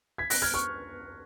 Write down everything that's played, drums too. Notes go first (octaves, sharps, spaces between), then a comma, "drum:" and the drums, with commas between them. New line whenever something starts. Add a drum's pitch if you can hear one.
G#6 B6
F#6 A#6, drum: open hi-hat
F6 G#6
C#6 F6